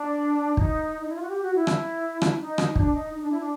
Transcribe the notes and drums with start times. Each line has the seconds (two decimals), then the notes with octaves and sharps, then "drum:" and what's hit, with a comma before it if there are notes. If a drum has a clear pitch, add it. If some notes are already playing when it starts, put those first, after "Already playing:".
Already playing: D4
0.57 D#4, drum: kick
1.01 D#4
1.09 E4
1.16 F4
1.23 F#4
1.30 G4
1.43 F#4
1.54 E4
1.67 drum: rim click
2.22 drum: rim click
2.36 D4
2.40 D#4
2.58 drum: rim click
2.76 D4, drum: kick
2.94 D#4
3.13 D#4
3.22 D4
3.31 E4
3.40 D4